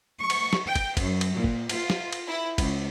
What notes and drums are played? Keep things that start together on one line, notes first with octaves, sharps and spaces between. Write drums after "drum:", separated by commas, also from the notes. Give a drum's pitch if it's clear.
C#6
drum: cymbal
drum: snare
G5
drum: kick, cymbal
F#2, drum: kick, cymbal
drum: cymbal
A#2
drum: kick
F4, drum: cymbal
drum: snare
drum: cymbal
E4
C#2, drum: kick, cymbal